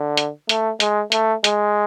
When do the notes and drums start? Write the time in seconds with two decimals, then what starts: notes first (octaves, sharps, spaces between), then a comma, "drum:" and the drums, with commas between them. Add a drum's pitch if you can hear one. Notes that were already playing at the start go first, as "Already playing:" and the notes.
Already playing: D3
0.17 drum: hi-hat
0.49 A3, drum: hi-hat
0.80 G#3, drum: hi-hat
1.12 A3, drum: hi-hat
1.44 G#3, drum: hi-hat